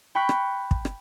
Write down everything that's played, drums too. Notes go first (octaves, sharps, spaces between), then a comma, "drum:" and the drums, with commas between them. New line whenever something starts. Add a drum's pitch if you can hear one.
G5 B5 C#6 F#6 B6
drum: rim click
drum: kick
drum: rim click